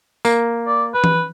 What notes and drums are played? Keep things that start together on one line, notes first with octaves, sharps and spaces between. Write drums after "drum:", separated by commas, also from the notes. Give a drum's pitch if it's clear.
A#3, drum: tambourine
D5
B4
drum: tom E3